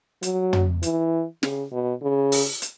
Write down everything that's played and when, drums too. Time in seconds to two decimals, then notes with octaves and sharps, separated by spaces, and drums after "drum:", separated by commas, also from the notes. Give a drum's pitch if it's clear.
0.23 F#3, drum: hi-hat
0.53 drum: tom
0.83 E3, drum: hi-hat
1.43 C#3, drum: snare
1.72 B2
2.02 C#3
2.32 drum: open hi-hat
2.62 drum: hi-hat